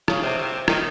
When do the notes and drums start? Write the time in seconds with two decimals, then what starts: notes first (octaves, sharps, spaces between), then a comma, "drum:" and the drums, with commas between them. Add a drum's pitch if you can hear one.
0.08 C#3, drum: rim click
0.23 C3
0.38 C3
0.68 D#3, drum: rim click